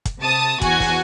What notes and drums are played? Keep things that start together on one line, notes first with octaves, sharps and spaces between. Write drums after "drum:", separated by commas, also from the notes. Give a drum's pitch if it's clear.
drum: kick, hi-hat
C3 A5 D#6
E2 F#4 G#5, drum: kick, hi-hat
drum: kick, open hi-hat